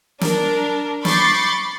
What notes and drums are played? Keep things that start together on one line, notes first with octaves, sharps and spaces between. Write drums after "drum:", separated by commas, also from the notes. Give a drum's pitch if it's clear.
D4 A#4, drum: snare
B5 C#6 D6 G6 A6 C7, drum: snare